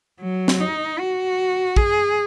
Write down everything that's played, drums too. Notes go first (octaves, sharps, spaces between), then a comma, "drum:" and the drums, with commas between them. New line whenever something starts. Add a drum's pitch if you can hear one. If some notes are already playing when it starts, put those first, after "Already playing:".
F#3
drum: snare
D#4
F#4
G#4, drum: kick